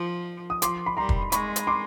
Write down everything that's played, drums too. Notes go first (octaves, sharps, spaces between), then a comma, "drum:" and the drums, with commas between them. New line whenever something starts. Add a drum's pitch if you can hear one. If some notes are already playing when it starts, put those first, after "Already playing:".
Already playing: F3 C6
D#6
F3 C6 D6, drum: hi-hat
B5
G3 A#5 C6
drum: kick
G#3 B5 C#6, drum: hi-hat
drum: hi-hat
C6 D6